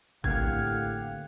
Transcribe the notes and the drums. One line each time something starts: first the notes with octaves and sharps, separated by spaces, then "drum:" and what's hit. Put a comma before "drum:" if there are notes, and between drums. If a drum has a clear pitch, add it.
A2 D3 A#3 C4 G4 F5 F#5 G#6, drum: kick